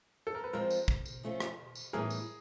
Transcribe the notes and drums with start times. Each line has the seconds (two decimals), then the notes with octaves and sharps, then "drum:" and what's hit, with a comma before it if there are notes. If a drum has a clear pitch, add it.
0.27 A4
0.35 A#4
0.44 B4
0.53 F3 G#3 C4 F4 A#4 C5
0.70 drum: tambourine
0.88 drum: kick
1.05 drum: tambourine
1.23 F3 A3 C#4 F4
1.40 drum: rim click
1.75 drum: tambourine
1.93 A2 E3 G3 B3 D#4 G#4 A#4
2.10 drum: tambourine